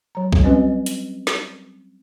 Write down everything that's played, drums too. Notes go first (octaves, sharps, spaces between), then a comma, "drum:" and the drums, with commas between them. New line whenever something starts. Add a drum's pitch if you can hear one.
F#3 A#5
drum: kick B1
G3 C4 C#4 F#4 B4 D#5
drum: hi-hat
drum: snare